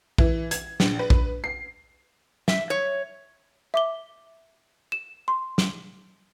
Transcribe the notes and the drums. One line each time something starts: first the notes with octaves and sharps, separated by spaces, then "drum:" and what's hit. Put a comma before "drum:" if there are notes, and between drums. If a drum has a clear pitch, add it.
E3, drum: kick A#1
G#6, drum: hi-hat
A#1, drum: snare
B4
drum: kick A#1
C7
E5, drum: snare
C#5
E5 D6 G7
E7
C6
drum: snare